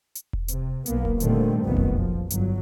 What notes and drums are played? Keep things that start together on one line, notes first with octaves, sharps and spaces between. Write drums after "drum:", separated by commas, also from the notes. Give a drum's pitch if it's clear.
drum: hi-hat
drum: kick E1
C3, drum: hi-hat
B1 A#3 B3, drum: hi-hat
drum: kick E1
A#2 D3 D#3 G3 A3 C4, drum: hi-hat
F1 A#1 F#2 A#2 D#3 B3
drum: kick E1
F3
G1 F#3, drum: hi-hat